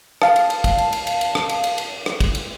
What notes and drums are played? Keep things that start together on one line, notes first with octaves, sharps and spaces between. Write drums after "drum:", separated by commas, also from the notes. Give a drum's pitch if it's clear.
F5 A5, drum: rim click
drum: cymbal
drum: cymbal
drum: kick, cymbal
drum: cymbal
drum: cymbal
drum: cymbal
drum: cymbal
drum: rim click
drum: cymbal
drum: cymbal
drum: cymbal
drum: rim click
drum: kick, cymbal
drum: cymbal